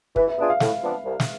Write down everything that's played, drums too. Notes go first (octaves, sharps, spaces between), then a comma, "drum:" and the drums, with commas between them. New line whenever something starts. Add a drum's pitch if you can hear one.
E3 B4, drum: kick
E5
B3 D4 F4 G#4 E5
F5
A2 F5, drum: snare
F3 B3 D4
C2
drum: snare